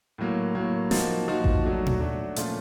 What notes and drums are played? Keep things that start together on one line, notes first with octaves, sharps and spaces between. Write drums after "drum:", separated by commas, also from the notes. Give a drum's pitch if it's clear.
A2 F#3 A#3
A2 F#3 A#3
F3 A#3 D#4 F#4, drum: snare
F3 A#3 D#4 F#4
drum: kick A1
F#3 A3 D4 F#4
drum: tom A#2
F#3 A3 D4 F#4
A#2 F3 A3 C#4 F4, drum: hi-hat